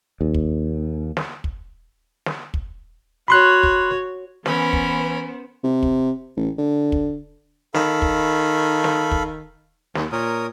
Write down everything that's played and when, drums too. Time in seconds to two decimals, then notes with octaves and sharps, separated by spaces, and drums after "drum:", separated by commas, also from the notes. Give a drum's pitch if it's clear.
0.21 D#2
0.34 drum: kick
1.17 drum: snare
1.44 drum: kick
2.26 drum: snare
2.54 drum: kick
3.28 F#4 C#5 B5 C6 F#6
3.63 drum: kick
4.46 E3 B3 C#4 A#4 C5 B5, drum: snare
4.73 drum: kick
5.64 C3
5.83 drum: kick
6.37 A1
6.58 D3
6.92 drum: kick
7.74 D#3 A4 F5 B5, drum: snare
8.02 drum: kick
8.84 drum: snare
9.11 drum: kick
9.95 D#2, drum: snare
10.12 A#2 A#4 C#5 D#6